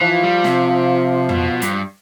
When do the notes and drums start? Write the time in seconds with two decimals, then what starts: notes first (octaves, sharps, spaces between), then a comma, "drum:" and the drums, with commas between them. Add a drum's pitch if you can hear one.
0.01 E3 F3
0.23 G3
0.44 C3, drum: snare
1.29 B2, drum: tom F2
1.62 G2, drum: hi-hat